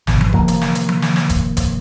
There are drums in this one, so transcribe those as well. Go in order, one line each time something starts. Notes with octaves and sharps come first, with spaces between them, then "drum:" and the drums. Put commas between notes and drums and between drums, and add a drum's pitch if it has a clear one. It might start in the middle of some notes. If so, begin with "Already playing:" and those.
G#1 B2, drum: snare
drum: tom F3
C3 D#3 F3 A#3, drum: kick F1
drum: hi-hat
drum: snare
drum: hi-hat
drum: tom F3
drum: snare
drum: snare
drum: kick F1, hi-hat
drum: kick F1, hi-hat